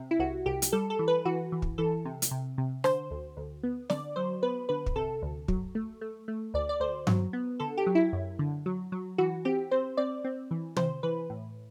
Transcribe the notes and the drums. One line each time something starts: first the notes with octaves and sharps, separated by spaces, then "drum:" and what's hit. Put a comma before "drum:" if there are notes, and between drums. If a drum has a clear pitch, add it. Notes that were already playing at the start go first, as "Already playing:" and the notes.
Already playing: C3
E4
C2 F#4
C2 G4
drum: hi-hat
G3 A4
A4
E3
B4
E3 F#4
E3
drum: kick
E3 A4
C3
drum: hi-hat
C3
C3
D3 C5, drum: rim click
D2
D2
B3
D3 D5, drum: snare
F#3 C5
B3 B4
D3 B4
drum: kick
C3 A4
D2
F#3, drum: kick
A3
A3
A3
D2 D5
D5
D2 C5
F#3, drum: tom G2
B3
D3 A4
G4
F#3
E4
F#2
D3
F#3
F#3
E3 F#4
C4 G4
C4 C5
C4 D5
C4
E3
C3 C5, drum: tom
E3 B4
A2